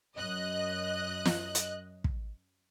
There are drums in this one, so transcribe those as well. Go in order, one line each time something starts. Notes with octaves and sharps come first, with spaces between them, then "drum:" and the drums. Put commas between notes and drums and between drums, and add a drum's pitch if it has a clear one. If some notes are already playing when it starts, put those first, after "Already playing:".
F#2 D#5 F#6
drum: snare
drum: hi-hat
drum: kick